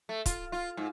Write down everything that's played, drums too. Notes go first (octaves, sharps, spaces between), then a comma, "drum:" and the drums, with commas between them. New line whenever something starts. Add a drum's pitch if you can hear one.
A3
F4, drum: kick, hi-hat
F4
G#2